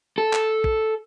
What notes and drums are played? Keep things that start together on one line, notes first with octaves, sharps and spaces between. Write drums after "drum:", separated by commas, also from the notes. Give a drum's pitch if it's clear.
A4
drum: clap
drum: kick